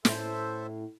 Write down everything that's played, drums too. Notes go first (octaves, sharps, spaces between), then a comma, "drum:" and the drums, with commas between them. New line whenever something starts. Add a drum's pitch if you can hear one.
A2 C#4 E4 A4 C5 E5, drum: snare